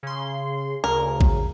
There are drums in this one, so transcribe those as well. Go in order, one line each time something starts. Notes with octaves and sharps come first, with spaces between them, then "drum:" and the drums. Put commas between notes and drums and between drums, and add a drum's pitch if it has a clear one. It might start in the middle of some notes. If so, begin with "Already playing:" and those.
C#3 C6
D2 C#3 A#4
drum: kick A1